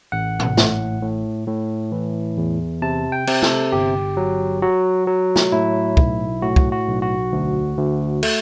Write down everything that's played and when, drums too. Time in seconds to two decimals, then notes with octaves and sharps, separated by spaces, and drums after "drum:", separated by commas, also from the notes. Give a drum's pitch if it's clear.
0.12 A1 F#5
0.40 drum: tom G#2
0.57 A2, drum: snare
1.02 A2
1.47 A2
1.92 E3
2.37 E2
2.82 C3 A5
3.12 G5
3.27 C3, drum: cymbal
3.42 A4, drum: snare
3.72 G1 G4
4.17 F#3
4.62 F#3 F#4
5.07 F#3
5.36 drum: snare
5.52 A2 E4
5.97 B1, drum: kick
6.42 A2 F#4
6.56 drum: kick
6.72 F#4
6.87 B1
7.02 F#4
7.32 D2
7.77 D2
8.23 A3, drum: cymbal